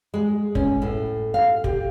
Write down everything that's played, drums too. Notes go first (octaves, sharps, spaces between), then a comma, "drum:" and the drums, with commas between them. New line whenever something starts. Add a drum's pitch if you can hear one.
G#3
C#4, drum: kick
A2
F5
G4, drum: kick